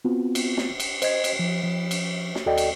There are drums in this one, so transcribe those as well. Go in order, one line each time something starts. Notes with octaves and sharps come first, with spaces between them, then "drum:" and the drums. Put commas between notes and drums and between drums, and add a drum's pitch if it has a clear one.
B3 C4 F4 F#4
drum: cymbal
drum: snare
drum: cymbal
C5 D#5 G#6, drum: cymbal
drum: cymbal
F3
F3
drum: cymbal
drum: snare
D#2 F#4 A4 D5 D#5 G5
drum: cymbal